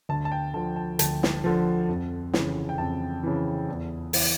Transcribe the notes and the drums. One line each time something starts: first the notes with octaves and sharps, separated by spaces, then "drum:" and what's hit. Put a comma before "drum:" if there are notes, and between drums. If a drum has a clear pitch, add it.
D2 A5
A5
G5
D3 F3 A5
A5
D2 A5, drum: hi-hat
drum: snare
D3 F3
F2
C#3 E3, drum: snare
G5
F2 A5
C#3 E3
E2
E3, drum: open hi-hat